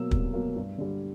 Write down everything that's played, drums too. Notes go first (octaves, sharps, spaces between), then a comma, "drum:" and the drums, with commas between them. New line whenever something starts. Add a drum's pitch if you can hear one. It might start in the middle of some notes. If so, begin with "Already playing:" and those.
Already playing: B2 F#3 A#3 E6
C2, drum: kick
B2 F#3 A#3
G2
D3 G3